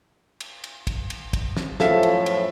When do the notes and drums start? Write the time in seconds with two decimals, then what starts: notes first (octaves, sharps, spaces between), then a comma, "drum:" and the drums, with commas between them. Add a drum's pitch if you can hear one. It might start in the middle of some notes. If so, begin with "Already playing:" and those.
0.40 drum: cymbal
0.64 drum: cymbal
0.87 drum: kick, cymbal
1.10 drum: cymbal
1.33 drum: kick, cymbal
1.57 drum: snare
1.80 F#2 A2 F3 A4 E5 F5, drum: snare
2.03 drum: cymbal
2.26 drum: cymbal